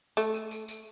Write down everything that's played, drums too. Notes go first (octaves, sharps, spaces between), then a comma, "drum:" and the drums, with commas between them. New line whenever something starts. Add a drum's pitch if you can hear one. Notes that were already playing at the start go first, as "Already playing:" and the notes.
A3, drum: tambourine
drum: tambourine
drum: tambourine
drum: tambourine